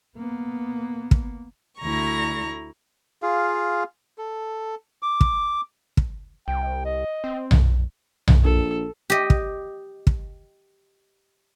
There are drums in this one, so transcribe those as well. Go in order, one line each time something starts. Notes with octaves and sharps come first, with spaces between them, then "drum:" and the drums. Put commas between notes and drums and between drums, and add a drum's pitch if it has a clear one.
A#3 B3
drum: kick
D2 E4 A#5 C#6 A#6
F4 G#4 F5
A4
D6
drum: kick
drum: kick
C2 G5
D#5
C4
drum: tom B1
drum: tom B1
A#1 A4
G4 D#5
drum: kick
drum: kick